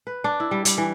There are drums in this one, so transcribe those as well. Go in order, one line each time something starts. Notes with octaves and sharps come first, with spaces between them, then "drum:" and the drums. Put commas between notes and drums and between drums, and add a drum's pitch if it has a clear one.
B4
D4
E4
G3
G3, drum: hi-hat
E3